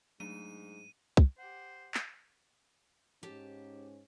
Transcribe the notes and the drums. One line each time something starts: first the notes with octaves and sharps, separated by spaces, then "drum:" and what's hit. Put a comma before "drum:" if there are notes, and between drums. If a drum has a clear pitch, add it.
G#2 F#3 A3 D4 D#7
drum: kick
G4 C5 F#5
drum: clap
G#2 C#4 G4 A5